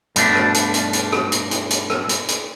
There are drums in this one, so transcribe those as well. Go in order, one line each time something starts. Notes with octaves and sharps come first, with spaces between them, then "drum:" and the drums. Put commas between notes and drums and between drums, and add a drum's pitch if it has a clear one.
G2 B2 A3 D4, drum: hi-hat
drum: rim click
drum: hi-hat
drum: hi-hat
drum: hi-hat
drum: rim click
drum: hi-hat
drum: hi-hat
drum: hi-hat
drum: rim click
drum: hi-hat
drum: hi-hat